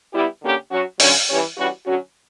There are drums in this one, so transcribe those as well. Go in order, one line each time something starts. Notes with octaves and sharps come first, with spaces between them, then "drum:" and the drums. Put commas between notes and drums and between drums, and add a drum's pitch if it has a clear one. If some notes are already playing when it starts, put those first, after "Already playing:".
G3 B3 E4 G4
D3 A#3 C#4 G4
F#3 C#4 F#4
D3 F#3 C#4, drum: open hi-hat
E3 G3 C#4
E3 G3 C#4 F#4
D3 F#3 C#4 F#4